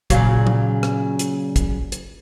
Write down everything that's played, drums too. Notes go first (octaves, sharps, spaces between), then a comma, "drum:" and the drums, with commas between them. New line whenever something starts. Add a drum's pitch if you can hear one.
A#2 C#3 F#3, drum: kick, hi-hat
drum: tom
drum: rim click
drum: hi-hat
drum: kick, hi-hat
drum: hi-hat